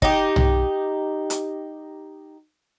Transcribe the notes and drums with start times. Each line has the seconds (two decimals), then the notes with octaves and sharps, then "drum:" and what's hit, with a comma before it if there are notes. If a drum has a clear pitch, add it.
0.02 D#4 G4, drum: kick
0.36 drum: tom
1.30 drum: hi-hat